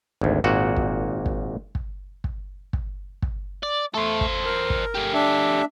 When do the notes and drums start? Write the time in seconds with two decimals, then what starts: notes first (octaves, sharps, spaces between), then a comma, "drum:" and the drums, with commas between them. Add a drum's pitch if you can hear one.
0.21 G#1 D2
0.44 G#1 A#2 F#4 F#5
0.76 drum: kick
1.26 drum: kick
1.75 drum: kick
2.24 drum: kick
2.73 drum: kick
3.22 drum: kick
3.63 D5
3.94 A3 A4 C5
4.21 drum: kick
4.45 A#4
4.70 drum: kick
4.95 A3 G4
5.14 D4 E5